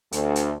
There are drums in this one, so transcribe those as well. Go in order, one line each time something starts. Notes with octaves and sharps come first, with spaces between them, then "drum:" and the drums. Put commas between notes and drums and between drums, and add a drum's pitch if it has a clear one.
D2, drum: hi-hat
drum: hi-hat